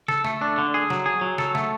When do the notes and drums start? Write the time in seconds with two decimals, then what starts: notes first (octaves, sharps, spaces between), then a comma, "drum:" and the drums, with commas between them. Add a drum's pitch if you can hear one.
0.08 A4, drum: snare
0.25 A3, drum: snare
0.41 D4
0.58 D3
0.74 G#4
0.90 F#3, drum: snare
1.06 G#4
1.21 F#3
1.38 A4, drum: snare
1.55 A3, drum: snare